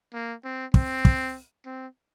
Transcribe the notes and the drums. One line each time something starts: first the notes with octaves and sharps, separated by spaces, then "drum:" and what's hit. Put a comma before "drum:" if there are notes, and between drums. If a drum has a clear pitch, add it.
A#3
C4
C4, drum: kick
drum: kick
C4